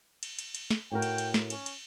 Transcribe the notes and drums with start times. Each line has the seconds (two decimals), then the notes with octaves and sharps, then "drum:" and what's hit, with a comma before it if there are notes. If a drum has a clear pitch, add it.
0.23 drum: cymbal
0.39 drum: cymbal
0.55 drum: cymbal
0.71 drum: snare
0.91 A2 F#4 A#4 G5
1.02 drum: cymbal
1.18 drum: cymbal
1.34 drum: snare
1.50 C#4, drum: cymbal
1.66 drum: cymbal